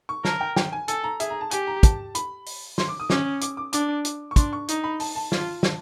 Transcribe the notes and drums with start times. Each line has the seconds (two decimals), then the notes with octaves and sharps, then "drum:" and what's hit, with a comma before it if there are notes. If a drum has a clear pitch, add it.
0.09 C#6
0.25 A#4 A5, drum: snare
0.41 G5
0.56 G5, drum: snare
0.72 G#5
0.88 A4 G#5, drum: hi-hat
1.04 A#5
1.20 G#4 E5, drum: hi-hat
1.30 A#5
1.41 A5
1.51 G4 G#5, drum: hi-hat
1.67 A#5
1.83 A5, drum: kick, hi-hat
2.15 B5, drum: hi-hat
2.46 drum: open hi-hat
2.78 C6, drum: snare
2.88 D6
3.00 D#6
3.10 C#4 D6, drum: snare
3.41 D6, drum: hi-hat
3.57 D6
3.73 D4 D6, drum: hi-hat
4.05 drum: hi-hat
4.31 C#6
4.36 D4 C6, drum: kick, hi-hat
4.53 C#6
4.68 D#4, drum: hi-hat
4.84 B5
5.00 A5, drum: open hi-hat
5.15 A5
5.32 F4, drum: snare
5.63 drum: snare